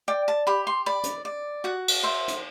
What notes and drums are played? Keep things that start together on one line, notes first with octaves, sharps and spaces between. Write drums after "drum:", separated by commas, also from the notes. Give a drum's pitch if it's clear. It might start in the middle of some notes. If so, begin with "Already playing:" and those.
D5 G5
A5
G4 B5
C6
D5 B5
drum: hi-hat
D5
F#4 F#5
drum: cymbal
C5 E5
drum: hi-hat